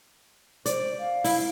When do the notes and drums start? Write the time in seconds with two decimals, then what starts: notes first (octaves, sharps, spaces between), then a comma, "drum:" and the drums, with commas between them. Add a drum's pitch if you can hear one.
0.66 C5 D5, drum: hi-hat
0.99 F5
1.24 E4, drum: open hi-hat